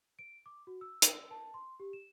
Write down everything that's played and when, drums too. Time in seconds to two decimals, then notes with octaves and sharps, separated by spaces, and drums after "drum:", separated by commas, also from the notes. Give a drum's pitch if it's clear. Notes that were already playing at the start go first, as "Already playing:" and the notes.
0.19 D7
0.46 D6
0.67 F#4
0.81 E6
1.02 drum: hi-hat
1.31 A5
1.54 C6
1.80 G4
1.93 E7